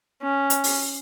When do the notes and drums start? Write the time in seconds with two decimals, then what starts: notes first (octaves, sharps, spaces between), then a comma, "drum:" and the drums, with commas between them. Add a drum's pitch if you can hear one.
0.22 C#4
0.50 drum: hi-hat
0.64 drum: open hi-hat